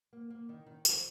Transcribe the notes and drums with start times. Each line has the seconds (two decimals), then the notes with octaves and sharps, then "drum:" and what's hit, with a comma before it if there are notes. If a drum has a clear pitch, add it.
0.13 A#3
0.30 A#3
0.49 D#3
0.66 D#3
0.85 F3, drum: tambourine